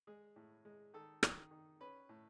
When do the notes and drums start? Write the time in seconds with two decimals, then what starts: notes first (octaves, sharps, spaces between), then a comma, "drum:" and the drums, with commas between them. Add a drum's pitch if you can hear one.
0.07 G#3 G#4
0.36 A2
0.65 G#3
0.94 D#3 A4
1.23 D#3, drum: rim click
1.51 D#3
1.80 C#4 B4
2.09 A2